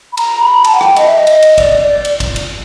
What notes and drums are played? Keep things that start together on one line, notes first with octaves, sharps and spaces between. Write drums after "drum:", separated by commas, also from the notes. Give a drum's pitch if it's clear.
B5
A#5, drum: cymbal
B5
A5, drum: cymbal
F#5
G5, drum: rim click
D#5, drum: cymbal
E5
D#5
drum: cymbal
drum: cymbal
D5, drum: kick, cymbal
D5
drum: cymbal
drum: kick, cymbal
drum: cymbal